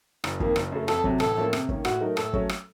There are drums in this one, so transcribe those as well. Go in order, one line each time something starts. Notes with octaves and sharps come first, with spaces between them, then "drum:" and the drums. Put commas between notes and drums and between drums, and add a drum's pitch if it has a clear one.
F#1, drum: rim click
F2 D#3 A#3, drum: kick
F#1, drum: rim click
F#2 C#3 A3
F2 A4, drum: rim click
C3 F#3, drum: kick
A1 A4, drum: rim click
A2 F3 A#3 C#4
C3, drum: rim click
D#3 A#3 C#4, drum: kick
A2 F#4, drum: rim click
F#3 A3 D#4 A#4
A2 A4, drum: rim click
F#3 A3 C#4, drum: kick
drum: rim click